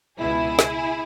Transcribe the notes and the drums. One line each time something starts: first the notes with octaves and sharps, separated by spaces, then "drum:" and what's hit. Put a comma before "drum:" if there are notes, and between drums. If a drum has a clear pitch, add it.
C#2 B2 E4 G#4
drum: snare